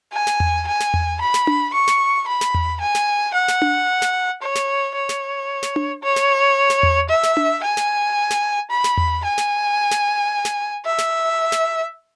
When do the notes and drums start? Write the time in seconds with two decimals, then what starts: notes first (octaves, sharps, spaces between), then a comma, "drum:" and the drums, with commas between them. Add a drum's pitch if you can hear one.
0.13 G#5
0.27 drum: snare
0.40 drum: tom E2
0.67 G#5
0.80 drum: snare
0.94 drum: tom E2
1.21 B5
1.34 drum: snare
1.47 drum: tom D4
1.74 C#6
1.87 drum: snare
2.27 B5
2.41 drum: snare
2.54 drum: tom E2
2.81 G#5
2.95 drum: snare
3.34 F#5
3.48 drum: snare
3.62 drum: tom D4
4.02 drum: snare
4.42 C#5
4.55 drum: snare
4.95 C#5
5.09 drum: snare
5.63 drum: snare
5.76 drum: tom D4
6.03 C#5
6.16 drum: snare
6.70 drum: snare
6.83 drum: tom E2
7.10 E5
7.23 drum: snare
7.37 drum: tom D4
7.63 G#5
7.77 drum: snare
8.31 drum: snare
8.71 B5
8.84 drum: snare
8.97 drum: tom E2
9.25 G#5
9.38 drum: snare
9.91 drum: snare
10.45 drum: snare
10.85 E5
10.98 drum: snare
11.52 drum: snare